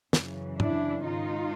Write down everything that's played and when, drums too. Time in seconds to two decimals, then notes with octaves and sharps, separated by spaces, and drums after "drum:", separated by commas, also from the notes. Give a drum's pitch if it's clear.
0.13 F#2 C#3 E3, drum: snare
0.60 D4 E4, drum: tom
1.06 G#2 D#3 D#4 F4